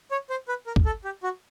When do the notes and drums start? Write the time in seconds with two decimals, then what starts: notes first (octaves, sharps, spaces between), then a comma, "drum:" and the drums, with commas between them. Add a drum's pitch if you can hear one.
0.11 C#5
0.30 C5
0.48 B4
0.67 A#4
0.76 drum: kick
0.85 A4
1.04 G4
1.23 F#4